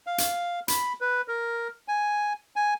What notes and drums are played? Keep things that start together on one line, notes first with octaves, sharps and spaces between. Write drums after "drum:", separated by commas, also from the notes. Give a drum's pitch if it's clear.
F5
drum: hi-hat
B5, drum: hi-hat
B4
A#4
G#5
G#5